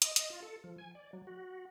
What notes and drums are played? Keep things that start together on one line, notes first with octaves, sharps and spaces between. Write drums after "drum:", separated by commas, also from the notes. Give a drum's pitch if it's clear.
D#5, drum: hi-hat
D#5, drum: hi-hat
F4
A4
F3
G#5
D5
F#3
F#4